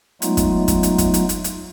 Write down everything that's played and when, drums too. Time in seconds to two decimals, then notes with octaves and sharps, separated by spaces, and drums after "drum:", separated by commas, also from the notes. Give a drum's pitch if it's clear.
0.22 F#3 G#3 A3 B3 D#4 F4, drum: hi-hat
0.37 drum: kick, hi-hat
0.68 drum: kick, hi-hat
0.83 drum: hi-hat
0.98 drum: kick, hi-hat
1.14 drum: hi-hat
1.29 drum: hi-hat
1.44 drum: hi-hat